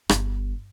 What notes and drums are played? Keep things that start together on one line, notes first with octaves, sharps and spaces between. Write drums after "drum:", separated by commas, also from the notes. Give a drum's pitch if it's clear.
G1, drum: rim click